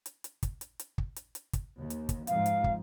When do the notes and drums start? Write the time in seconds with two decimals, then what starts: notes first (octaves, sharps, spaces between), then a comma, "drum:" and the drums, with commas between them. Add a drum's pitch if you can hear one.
0.06 drum: hi-hat
0.24 drum: hi-hat
0.43 drum: kick, hi-hat
0.61 drum: hi-hat
0.79 drum: hi-hat
0.98 drum: kick
1.16 drum: hi-hat
1.35 drum: hi-hat
1.53 drum: kick, hi-hat
1.76 D#2
1.90 drum: hi-hat
2.09 drum: kick, hi-hat
2.27 F2 G#2 F3 F5, drum: hi-hat
2.46 drum: hi-hat
2.64 drum: kick